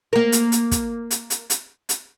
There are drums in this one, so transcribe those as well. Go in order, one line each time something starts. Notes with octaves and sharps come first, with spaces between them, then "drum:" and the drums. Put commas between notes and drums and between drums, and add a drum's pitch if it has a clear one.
A#3 A#4
drum: hi-hat
drum: hi-hat
drum: kick, hi-hat
drum: hi-hat
drum: hi-hat
drum: hi-hat
drum: hi-hat